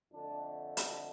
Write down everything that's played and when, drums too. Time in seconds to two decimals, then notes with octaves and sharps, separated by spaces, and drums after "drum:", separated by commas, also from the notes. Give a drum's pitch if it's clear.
0.14 F2 D3 A3 D4
0.77 drum: hi-hat